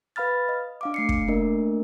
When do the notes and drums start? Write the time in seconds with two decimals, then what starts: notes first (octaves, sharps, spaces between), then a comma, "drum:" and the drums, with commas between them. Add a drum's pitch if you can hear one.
0.16 B4 F5 B5 F6 A6
0.49 D#5
0.81 D4 F5 D6
0.94 A3 C7 C#7
1.09 drum: kick
1.28 A3 A#3 D4 A#4 D#5